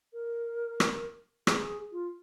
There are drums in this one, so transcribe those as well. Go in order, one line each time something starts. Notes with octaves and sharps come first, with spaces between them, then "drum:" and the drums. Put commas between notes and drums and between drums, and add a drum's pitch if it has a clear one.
A#4
drum: rim click
G#4, drum: rim click
F4